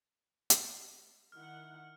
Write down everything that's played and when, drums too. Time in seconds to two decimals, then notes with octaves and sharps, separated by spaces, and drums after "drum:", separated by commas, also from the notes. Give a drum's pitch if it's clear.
0.50 drum: hi-hat
1.32 D#3 E4 F#5 F6